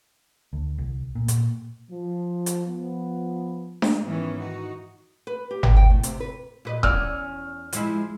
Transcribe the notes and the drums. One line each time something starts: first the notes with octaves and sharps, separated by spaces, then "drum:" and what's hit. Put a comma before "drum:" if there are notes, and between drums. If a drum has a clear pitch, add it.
D2
C2
A#2
A#2, drum: hi-hat
F3
drum: hi-hat
F3 B3
drum: snare D4
G#2 D#3 E3 B3 C#4
D#4 F#4
B4
G4
G5, drum: tom G1
G5
A2
C3, drum: hi-hat
B4
A#2 B4 D#5
E2 C#4 D5 E6 F6, drum: kick D#1
F3 G#3 E4, drum: hi-hat